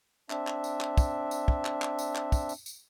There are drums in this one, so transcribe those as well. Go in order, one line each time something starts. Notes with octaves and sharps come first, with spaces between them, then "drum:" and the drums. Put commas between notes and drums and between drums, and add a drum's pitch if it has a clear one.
C4 D4 E5, drum: clap
drum: clap
drum: tambourine
drum: clap
drum: kick, tambourine
drum: tambourine
drum: kick
drum: clap
drum: clap
drum: tambourine
drum: clap
drum: kick, tambourine
drum: tambourine
drum: tambourine